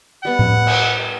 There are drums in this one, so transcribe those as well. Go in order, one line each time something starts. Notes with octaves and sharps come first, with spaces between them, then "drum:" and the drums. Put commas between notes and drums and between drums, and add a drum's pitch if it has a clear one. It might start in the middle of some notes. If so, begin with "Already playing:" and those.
G3 B3 F#5
drum: tom A2
drum: cymbal